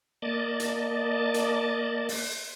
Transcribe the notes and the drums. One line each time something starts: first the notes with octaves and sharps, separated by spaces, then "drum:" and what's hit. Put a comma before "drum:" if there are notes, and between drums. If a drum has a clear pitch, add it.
A#3 D5 D#5 A5
drum: hi-hat
drum: hi-hat
drum: open hi-hat